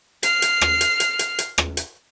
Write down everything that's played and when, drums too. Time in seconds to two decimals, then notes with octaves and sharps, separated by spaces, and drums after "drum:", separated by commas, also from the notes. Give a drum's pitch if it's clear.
0.23 F6 C7, drum: hi-hat
0.42 drum: hi-hat
0.61 drum: rim click
0.81 drum: hi-hat
1.00 drum: hi-hat
1.19 drum: hi-hat
1.38 drum: hi-hat
1.58 drum: rim click
1.77 drum: hi-hat